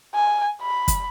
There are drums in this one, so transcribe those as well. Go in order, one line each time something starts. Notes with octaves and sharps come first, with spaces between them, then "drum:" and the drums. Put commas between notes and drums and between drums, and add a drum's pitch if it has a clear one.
G#5
B5
drum: kick, hi-hat